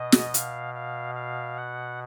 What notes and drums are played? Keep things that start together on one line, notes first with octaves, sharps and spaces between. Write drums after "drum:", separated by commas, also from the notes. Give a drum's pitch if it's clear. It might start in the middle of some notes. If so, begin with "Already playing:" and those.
Already playing: B2 D#5
drum: snare
F5, drum: hi-hat
F5
F5
F#5